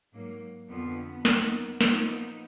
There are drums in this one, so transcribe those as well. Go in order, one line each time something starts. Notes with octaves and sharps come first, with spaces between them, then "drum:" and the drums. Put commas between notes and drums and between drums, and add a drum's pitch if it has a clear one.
G#2 F#3 A#3
F2 D3 F3 B3
F#2 D#3 A#3, drum: snare
drum: tambourine
A#2 F3 A#3 B3 D#4, drum: snare